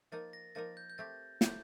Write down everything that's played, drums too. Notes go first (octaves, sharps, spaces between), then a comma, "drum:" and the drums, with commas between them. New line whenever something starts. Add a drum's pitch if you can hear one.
F3 A#3 D#4 A#4 A6
A#6
F3 A#3 D#4 A#4 A6
G6
G6
A3 C4 G4 A6
A3 C4 G4 G6, drum: snare